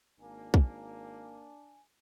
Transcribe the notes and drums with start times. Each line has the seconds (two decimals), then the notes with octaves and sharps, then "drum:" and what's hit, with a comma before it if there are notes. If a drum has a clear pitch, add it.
0.19 G#1 A#3 D4 G#5
0.54 drum: kick